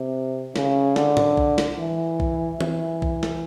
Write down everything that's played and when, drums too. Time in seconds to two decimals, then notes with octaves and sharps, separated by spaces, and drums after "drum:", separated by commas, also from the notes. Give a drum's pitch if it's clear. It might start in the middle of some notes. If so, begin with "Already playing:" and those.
Already playing: C3
0.56 C#3, drum: snare
0.96 D3, drum: snare
1.17 drum: tom
1.37 drum: kick
1.58 drum: snare
1.79 E3
2.20 drum: kick
2.61 E3, drum: tom
3.02 drum: kick
3.23 drum: snare